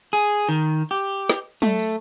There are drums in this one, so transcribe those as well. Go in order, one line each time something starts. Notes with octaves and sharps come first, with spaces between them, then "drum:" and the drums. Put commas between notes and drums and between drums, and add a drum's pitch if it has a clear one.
G#4
D#3
G4
drum: snare
A3, drum: tom F#3
drum: tambourine